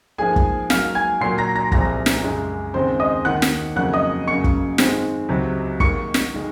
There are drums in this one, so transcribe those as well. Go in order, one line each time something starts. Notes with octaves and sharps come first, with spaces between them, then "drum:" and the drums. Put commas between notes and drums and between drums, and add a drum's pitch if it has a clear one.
G#2 F3 A#3 G#4 G#5
drum: kick
G#2 F#3 A#3 F5 F6, drum: snare
G#5 G#6
A#2 F#3 A#3 C6 C7
A#5 A#6
A#5 A#6
C2 A#2 F3 G#3 A#5 A#6, drum: kick
drum: snare
F#2 C#3 G#3
D#2 C#3 G#3 C4 C5 C6
D#5 D#6
D#2 D#3 A#3 F#5 F#6
drum: snare
F2 C#3 F#3 A#3 F#5 F#6
D#5 D#6
F#2 C#3 F#3 A#3 C#6 C#7
drum: kick
G#2 D#3 G#3 C4, drum: snare
C#2 C3 F#3
G#2 D#3 A#3 C#6 C#7, drum: kick
drum: snare
D#3 G#3